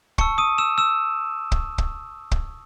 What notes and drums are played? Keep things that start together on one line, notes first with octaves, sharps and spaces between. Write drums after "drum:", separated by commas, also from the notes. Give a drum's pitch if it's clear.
A5 C#6 E6 C#7, drum: kick
D#6 D#7
E6 E7
E6 E7
drum: kick
drum: kick
drum: kick